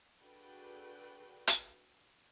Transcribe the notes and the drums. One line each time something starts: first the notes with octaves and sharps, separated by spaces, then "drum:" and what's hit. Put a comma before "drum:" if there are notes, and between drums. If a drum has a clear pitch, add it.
D4 F#4 G#4 A4 B4 G5
drum: hi-hat